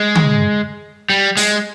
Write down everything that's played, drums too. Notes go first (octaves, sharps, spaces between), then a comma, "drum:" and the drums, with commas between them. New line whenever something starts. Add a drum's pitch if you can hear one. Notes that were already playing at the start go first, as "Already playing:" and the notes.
Already playing: G#3
drum: tom D3
G3
G#3, drum: open hi-hat